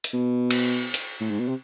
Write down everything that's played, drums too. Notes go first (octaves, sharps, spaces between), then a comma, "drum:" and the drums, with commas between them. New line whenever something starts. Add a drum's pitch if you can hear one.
drum: hi-hat
B2
drum: cymbal
drum: hi-hat
A2
G#2
B2
C3